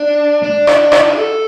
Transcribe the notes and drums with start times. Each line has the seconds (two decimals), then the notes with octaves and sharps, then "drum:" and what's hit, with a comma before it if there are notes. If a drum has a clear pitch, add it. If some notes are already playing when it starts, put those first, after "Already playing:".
Already playing: D4
0.43 D4
0.67 drum: rim click
0.92 drum: rim click
1.16 A4